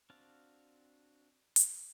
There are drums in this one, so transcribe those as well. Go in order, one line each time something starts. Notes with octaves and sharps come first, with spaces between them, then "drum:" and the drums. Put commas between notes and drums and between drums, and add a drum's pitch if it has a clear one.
C4 D4 F#4 F5 A5
drum: hi-hat